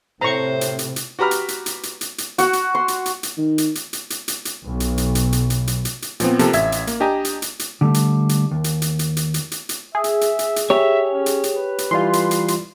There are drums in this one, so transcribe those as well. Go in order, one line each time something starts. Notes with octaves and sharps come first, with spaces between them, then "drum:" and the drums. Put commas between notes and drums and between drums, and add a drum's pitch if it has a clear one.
A2 C3 C5 A#5 C#6
drum: hi-hat
drum: hi-hat
drum: hi-hat
F#4 G4 B4 A#5 B5 F6
drum: hi-hat
drum: hi-hat
drum: hi-hat
drum: hi-hat
drum: hi-hat
drum: hi-hat
F#4 F#5, drum: hi-hat
drum: hi-hat
C6
drum: hi-hat
drum: hi-hat
drum: hi-hat
D#3
drum: hi-hat
drum: hi-hat
drum: hi-hat
drum: hi-hat
drum: hi-hat
drum: hi-hat
B1
drum: hi-hat
drum: hi-hat
drum: hi-hat
drum: hi-hat
drum: hi-hat
drum: hi-hat
drum: hi-hat
drum: hi-hat
A#2 F3 B3 C4, drum: hi-hat
C3 F3 A#3 A4, drum: hi-hat
A1 E5 G#6, drum: hi-hat
drum: hi-hat
A#3, drum: hi-hat
D4 G4 D#5 G#5 A#5
drum: hi-hat
drum: hi-hat
drum: hi-hat
D3 G3 A3
drum: hi-hat
drum: hi-hat
D#2
drum: hi-hat
drum: hi-hat
drum: hi-hat
drum: hi-hat
drum: hi-hat
drum: hi-hat
drum: hi-hat
G#4 E5
drum: hi-hat
drum: hi-hat
drum: hi-hat
drum: hi-hat
G4 C#5 E5
C#4
drum: hi-hat
drum: hi-hat
B4
drum: hi-hat
E3 G3 F4 C6
drum: hi-hat
drum: hi-hat
drum: hi-hat